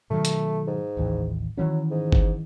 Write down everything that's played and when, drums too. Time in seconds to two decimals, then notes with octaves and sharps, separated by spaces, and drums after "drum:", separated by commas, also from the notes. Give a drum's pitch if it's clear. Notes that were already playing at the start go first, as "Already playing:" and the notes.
0.10 B2 D#3 F#3 A3
0.25 drum: hi-hat
0.67 G#2
0.97 A1 D#2 E3
1.57 D#3 E3 F#3 C#4
1.91 G#2
2.12 drum: kick